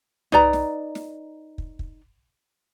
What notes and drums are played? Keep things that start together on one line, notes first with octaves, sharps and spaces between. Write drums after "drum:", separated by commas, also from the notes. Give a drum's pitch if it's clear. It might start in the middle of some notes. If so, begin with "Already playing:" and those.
D#4 B4 D5 A#5, drum: tom
drum: snare
drum: snare
drum: kick
drum: kick